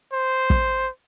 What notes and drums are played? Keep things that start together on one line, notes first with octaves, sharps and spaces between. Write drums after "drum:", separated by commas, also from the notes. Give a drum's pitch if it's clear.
C5
drum: kick